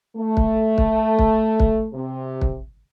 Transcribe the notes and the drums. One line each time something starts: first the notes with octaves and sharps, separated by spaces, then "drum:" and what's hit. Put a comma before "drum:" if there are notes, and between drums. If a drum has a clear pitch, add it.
A3
drum: kick
drum: kick
drum: kick
drum: kick
C3
drum: kick